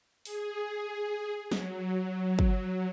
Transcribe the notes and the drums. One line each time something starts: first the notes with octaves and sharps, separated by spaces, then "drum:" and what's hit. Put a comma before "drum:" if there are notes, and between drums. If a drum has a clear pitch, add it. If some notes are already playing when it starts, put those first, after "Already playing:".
G#4, drum: open hi-hat
F#3, drum: snare
drum: kick